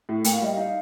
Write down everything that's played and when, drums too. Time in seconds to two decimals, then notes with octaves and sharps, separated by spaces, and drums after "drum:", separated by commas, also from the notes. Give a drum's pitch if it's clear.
0.09 A2
0.24 A#3 G5, drum: hi-hat
0.34 F5
0.42 G3 D#5
0.53 D#4 F5